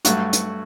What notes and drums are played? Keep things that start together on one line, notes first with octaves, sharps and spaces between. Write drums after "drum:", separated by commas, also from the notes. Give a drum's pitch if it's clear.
G2 F#3 A3 F#4, drum: hi-hat
drum: hi-hat